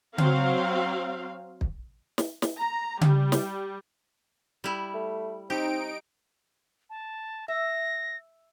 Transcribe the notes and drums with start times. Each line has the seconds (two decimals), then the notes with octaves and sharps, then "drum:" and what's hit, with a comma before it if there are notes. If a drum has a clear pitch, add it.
0.18 F#3 C4 F5, drum: tom C#3
1.61 drum: kick
2.18 drum: snare
2.42 drum: snare
2.58 A#5
3.01 G3, drum: tom C#3
3.32 drum: snare
4.64 G3 E4
4.94 A3
5.50 C4 D#4 G4 D7
6.90 A5
7.48 E5 A#6